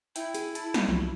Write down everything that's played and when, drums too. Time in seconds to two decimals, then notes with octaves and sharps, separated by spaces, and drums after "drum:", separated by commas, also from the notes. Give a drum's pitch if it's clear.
0.16 E4 E5 G5, drum: hi-hat
0.34 G#4, drum: hi-hat
0.55 A5, drum: hi-hat
0.74 drum: snare
0.88 C2 F3 F#3